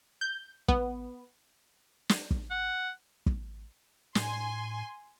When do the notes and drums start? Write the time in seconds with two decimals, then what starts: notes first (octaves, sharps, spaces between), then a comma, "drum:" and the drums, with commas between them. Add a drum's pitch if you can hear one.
0.21 G6
0.68 B3, drum: kick
2.09 drum: snare
2.31 drum: kick
2.51 F#5
3.26 drum: kick
4.15 A2 G#5 C6, drum: snare